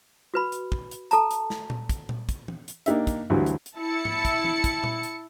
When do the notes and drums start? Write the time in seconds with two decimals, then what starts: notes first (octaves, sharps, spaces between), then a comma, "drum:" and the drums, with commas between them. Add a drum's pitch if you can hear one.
0.34 F#4 B4 B5
0.52 drum: hi-hat
0.72 drum: kick
0.91 drum: hi-hat
1.11 A4 A5 A#5, drum: hi-hat
1.31 drum: hi-hat
1.50 drum: snare
1.70 drum: tom A#2
1.89 drum: kick, hi-hat
2.09 drum: tom A#2
2.29 drum: kick, hi-hat
2.48 drum: tom
2.68 drum: hi-hat
2.86 A#3 D4 D#4 G4 E5, drum: hi-hat
3.07 drum: kick, hi-hat
3.30 D2 G2 E3 F#3 G3
3.46 drum: hi-hat
3.66 drum: hi-hat
3.77 E4 A5 C#7
4.05 drum: tom G#2
4.25 drum: kick, hi-hat
4.44 drum: tom
4.64 drum: kick, hi-hat
4.84 drum: tom A#2
5.03 drum: hi-hat